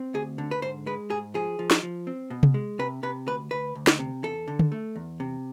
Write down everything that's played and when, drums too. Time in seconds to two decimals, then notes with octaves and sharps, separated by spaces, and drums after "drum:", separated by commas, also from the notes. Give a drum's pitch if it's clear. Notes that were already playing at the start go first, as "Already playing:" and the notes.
Already playing: C4
0.14 D2 G#4
0.38 D3
0.51 B4
0.62 G#2 C5
0.86 G#3 B4
1.10 G#2 G#4
1.34 F3 G#4
1.59 F3
1.71 drum: snare
1.83 F3
2.07 C4
2.30 B2
2.43 drum: tom C3
2.54 G#3
2.79 C3 B4
3.03 C3 B4
3.26 D2 B4
3.51 D2 B4
3.75 D2
3.87 drum: snare
3.99 C3
4.23 E2 A4
4.48 D3
4.59 drum: tom
4.72 A3
4.96 E2
5.20 C3